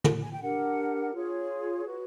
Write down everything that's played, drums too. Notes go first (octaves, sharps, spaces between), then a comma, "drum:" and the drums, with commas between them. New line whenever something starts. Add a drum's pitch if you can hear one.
drum: tom
G#5
G5
D4 G4 A#4 F#5
F4 G#4 C#5
F#4 B4